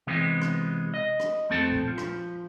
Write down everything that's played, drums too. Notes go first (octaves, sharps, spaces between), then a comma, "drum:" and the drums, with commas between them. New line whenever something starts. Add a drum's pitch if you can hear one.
C3 E3 G#3 B3
drum: rim click
D#5
drum: rim click
F2 A3 C4 A4 A5
drum: tom A#2
F3
drum: rim click